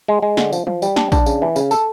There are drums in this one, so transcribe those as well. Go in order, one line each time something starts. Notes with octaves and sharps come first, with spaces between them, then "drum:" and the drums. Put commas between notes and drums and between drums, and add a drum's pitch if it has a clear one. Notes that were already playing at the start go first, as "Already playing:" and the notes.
G#3
G#3
D3, drum: snare
F3, drum: tambourine
F3, drum: tom E3
G3, drum: tambourine
D4, drum: snare
D4, drum: kick A#1, tambourine
C#3, drum: tambourine
E3
C#3, drum: tambourine
A4, drum: tambourine